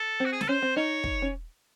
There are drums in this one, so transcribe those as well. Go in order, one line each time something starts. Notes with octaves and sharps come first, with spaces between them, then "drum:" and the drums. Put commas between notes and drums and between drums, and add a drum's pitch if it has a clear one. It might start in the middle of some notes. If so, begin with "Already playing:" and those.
Already playing: A4
C4 F#4
G#4
A4, drum: snare
C#4 C5
C4
D#4 C#5
drum: kick
C#4